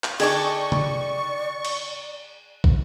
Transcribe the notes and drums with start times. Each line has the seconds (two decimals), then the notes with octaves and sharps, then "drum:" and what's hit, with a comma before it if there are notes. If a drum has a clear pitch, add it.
0.04 drum: clap
0.20 D3 D#4 G#4 D5 G5 A5 C#6 D6, drum: cymbal
0.72 drum: tom C3
1.65 drum: cymbal
2.64 drum: kick